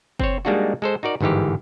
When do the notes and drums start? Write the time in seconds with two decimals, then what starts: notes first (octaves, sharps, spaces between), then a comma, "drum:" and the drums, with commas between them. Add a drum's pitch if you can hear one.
0.20 C4 C5 C#5, drum: kick F#1
0.45 G3 G#3 A#3 D4 D#4 F#4
0.82 G#3 A4 C5
1.03 D#4 F#4 A#4 D5
1.21 G1 G#2 D#3 E3 G4